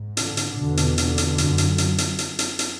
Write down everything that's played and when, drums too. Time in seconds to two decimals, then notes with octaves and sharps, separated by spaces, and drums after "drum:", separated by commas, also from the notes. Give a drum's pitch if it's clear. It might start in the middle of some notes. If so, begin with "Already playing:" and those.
Already playing: G#2
0.17 D3, drum: hi-hat
0.37 drum: hi-hat
0.57 E2 B2 D3
0.77 drum: hi-hat
0.98 D3, drum: hi-hat
1.18 drum: hi-hat
1.38 F#2, drum: hi-hat
1.58 drum: hi-hat
1.78 drum: hi-hat
1.98 drum: hi-hat
2.18 drum: hi-hat
2.39 drum: hi-hat
2.59 drum: hi-hat